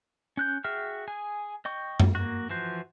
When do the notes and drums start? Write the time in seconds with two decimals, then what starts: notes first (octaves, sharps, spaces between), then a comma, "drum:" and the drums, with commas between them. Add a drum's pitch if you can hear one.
0.37 C#4 F#6 G6
0.64 F#4 G#4 E5 G5 F6
1.08 G#4 G#5
1.65 D#5 G5 C#6
2.00 drum: tom F#2
2.15 A#3 F#4
2.50 E3 F3 F#4 C5